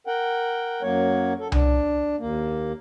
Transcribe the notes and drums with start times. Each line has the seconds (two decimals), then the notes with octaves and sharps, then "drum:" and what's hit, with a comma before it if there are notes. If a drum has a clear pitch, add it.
0.07 A#4 F#5 G5
0.82 F#2 F#3 A#3 C#5
1.40 A4
1.52 D4, drum: tom C2
2.19 D#2 A#3